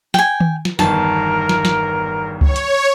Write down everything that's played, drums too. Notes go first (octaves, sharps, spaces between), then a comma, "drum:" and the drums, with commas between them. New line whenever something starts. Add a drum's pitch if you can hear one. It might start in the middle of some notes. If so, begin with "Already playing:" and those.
G5 G#5, drum: snare
drum: tom D#3
drum: snare
G1 E2 D#3 A#4 A5, drum: snare
drum: snare
drum: snare
C#5, drum: kick C#2
drum: hi-hat